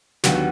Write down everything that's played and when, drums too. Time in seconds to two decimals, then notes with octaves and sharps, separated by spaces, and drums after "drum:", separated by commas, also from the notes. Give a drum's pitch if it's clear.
0.24 D#2 D3 F#3 B3 G4, drum: snare
0.34 F#4